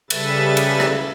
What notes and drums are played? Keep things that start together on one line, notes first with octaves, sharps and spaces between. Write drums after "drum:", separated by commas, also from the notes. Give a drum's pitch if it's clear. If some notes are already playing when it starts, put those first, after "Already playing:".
C#3 G3 A4 B4 E5 A6, drum: cymbal
drum: cymbal
drum: rim click